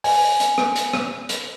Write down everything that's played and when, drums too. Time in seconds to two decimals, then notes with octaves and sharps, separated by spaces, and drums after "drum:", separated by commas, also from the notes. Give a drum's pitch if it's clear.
0.04 G#5, drum: open hi-hat
0.40 drum: hi-hat
0.58 drum: rim click
0.76 drum: hi-hat
0.93 drum: rim click
1.29 drum: hi-hat